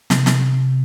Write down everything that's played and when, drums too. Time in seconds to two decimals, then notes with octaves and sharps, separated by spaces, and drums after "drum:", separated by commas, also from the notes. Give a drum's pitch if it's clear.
0.10 C3, drum: snare
0.26 drum: snare